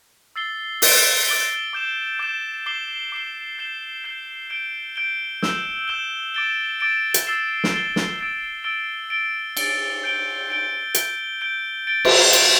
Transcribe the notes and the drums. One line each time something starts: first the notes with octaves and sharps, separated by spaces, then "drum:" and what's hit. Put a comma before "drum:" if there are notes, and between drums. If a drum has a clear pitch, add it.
E6 A6 C7 G7
D6 A6 D7 G7, drum: open hi-hat
D6 A6 D7 G7
D6 G6 E7
D6 G6 E7
D6 C7 G7
D6 C7 G7
G6 C7 E7 G7
G6 C7 E7 G7
G6 D7 G7
G6 D7 G7
E6 G6 E7 G7, drum: snare
E6 G6 E7 G7
D6 A6 D7 G7
D6 A6 D7 G7
drum: hi-hat
E6 A6 C7 E7 G7
drum: snare
E6 A6 C7 E7 G7
drum: snare
E6 A6 D7 G7
E6 A6 D7 G7
A6 D7 G7
A6 D7 G7, drum: cymbal
G6 D7 G7
G6 D7 G7
G6 D7 G7, drum: hi-hat
G6 D7 G7
A6 D7 G7
drum: cymbal
A6 D7 G7, drum: hi-hat